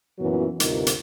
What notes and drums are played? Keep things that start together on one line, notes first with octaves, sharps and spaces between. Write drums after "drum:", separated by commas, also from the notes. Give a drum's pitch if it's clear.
F#2 A#2 E3 F#3 B3 F#4
D2 G2 C3 D#4 F4 A#4, drum: hi-hat
drum: hi-hat